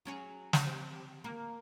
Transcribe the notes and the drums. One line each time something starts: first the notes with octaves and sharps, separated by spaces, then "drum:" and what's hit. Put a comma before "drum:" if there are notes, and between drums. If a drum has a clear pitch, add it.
F#3 C#4 G#4
drum: snare
C4 G4
A#3